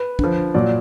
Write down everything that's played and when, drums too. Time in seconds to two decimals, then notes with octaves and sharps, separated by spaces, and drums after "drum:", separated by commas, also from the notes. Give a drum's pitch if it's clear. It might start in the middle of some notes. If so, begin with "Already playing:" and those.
Already playing: B4
0.19 D3 F3, drum: kick
0.54 A#2 F#3 D5